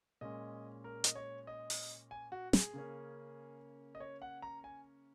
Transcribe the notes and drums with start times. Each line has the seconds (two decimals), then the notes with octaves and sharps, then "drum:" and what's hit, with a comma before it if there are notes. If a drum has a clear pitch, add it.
0.21 A#2 G#3 C#4 D#5
0.84 A#4
1.04 D#5, drum: hi-hat
1.15 C#5
1.47 D#5
1.70 drum: open hi-hat
2.11 G#5
2.32 F#4
2.53 G#4, drum: snare
2.74 C#3 A#3 C#4
3.95 D#5
4.00 C#5
4.22 F#5
4.42 A#5
4.64 G#5